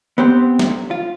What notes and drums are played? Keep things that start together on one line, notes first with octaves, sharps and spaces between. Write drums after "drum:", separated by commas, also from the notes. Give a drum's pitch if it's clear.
B3 C4 G4 C5
drum: snare
F4